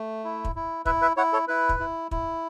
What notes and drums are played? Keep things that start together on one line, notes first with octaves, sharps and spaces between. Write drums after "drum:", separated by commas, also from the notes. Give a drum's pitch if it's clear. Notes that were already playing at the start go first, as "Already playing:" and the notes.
Already playing: A3
E4
drum: kick
E4
E4 B4 E5, drum: kick
B4 E5
E4 C#5 F#5
A4 C#5
E4 B4
drum: kick
E4
E4, drum: kick